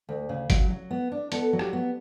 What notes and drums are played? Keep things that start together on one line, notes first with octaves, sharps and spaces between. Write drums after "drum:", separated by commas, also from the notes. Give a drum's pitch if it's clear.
D2
C#3
F#3, drum: kick G1, hi-hat
F#3
B3
D4
B3 A4, drum: hi-hat
F#3
G4, drum: rim click
B3